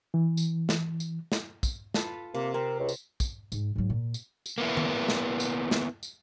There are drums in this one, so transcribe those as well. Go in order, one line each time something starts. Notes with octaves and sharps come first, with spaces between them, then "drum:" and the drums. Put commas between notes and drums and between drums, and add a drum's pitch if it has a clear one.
E3
drum: tambourine
drum: snare
drum: tambourine
drum: snare
drum: kick, tambourine
F4 A4 B4, drum: snare
C3 A#3
C4 A#4
C#2
drum: tambourine
drum: kick, tambourine
G#2, drum: tambourine
G#2 F#3
A#2
drum: tambourine
drum: tambourine
A#3 B3 E4
drum: tom D#3
drum: snare
drum: tambourine
drum: snare
drum: tambourine